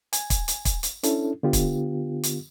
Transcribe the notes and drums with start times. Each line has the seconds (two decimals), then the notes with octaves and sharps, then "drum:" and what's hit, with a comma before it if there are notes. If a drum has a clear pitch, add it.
0.13 G#5, drum: hi-hat
0.30 drum: kick, hi-hat
0.48 drum: hi-hat
0.65 drum: kick, hi-hat
0.83 drum: hi-hat
1.03 C#4 D4 E4 A4, drum: hi-hat
1.43 D3 B3 F4 G4
1.53 drum: kick, hi-hat
2.23 drum: hi-hat